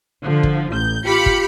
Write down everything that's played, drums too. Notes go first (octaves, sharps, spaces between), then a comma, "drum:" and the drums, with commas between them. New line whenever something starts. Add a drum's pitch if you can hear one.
D3 F3
drum: kick
A1 G6
F4 G4 B5 C#7
drum: kick